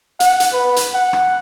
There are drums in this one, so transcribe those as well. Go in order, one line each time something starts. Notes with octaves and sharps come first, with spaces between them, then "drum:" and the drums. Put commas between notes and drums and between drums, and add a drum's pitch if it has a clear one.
F#5, drum: hi-hat
drum: hi-hat
B4
drum: hi-hat
F#5
drum: rim click